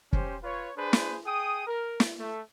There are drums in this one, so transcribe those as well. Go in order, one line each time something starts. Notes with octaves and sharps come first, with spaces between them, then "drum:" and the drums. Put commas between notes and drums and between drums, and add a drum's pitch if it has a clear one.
C#4 G4 C5, drum: kick
F4 B4 C#5
D4 G#4 B4 C5
drum: snare
G#4 G5 D#6
A#4
drum: snare
A3